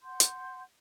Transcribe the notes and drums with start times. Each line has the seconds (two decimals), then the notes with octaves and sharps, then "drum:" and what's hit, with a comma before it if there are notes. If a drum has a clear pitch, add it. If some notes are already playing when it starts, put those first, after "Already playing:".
0.01 F#5 C6 G6
0.20 drum: hi-hat